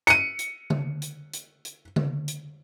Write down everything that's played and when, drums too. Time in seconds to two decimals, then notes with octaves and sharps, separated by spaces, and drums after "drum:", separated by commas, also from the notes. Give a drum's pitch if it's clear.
0.07 C#7 D#7, drum: hi-hat
0.39 drum: hi-hat
0.70 drum: tom C#3
1.02 drum: hi-hat
1.33 drum: hi-hat
1.65 drum: hi-hat
1.96 drum: tom C#3
2.28 drum: hi-hat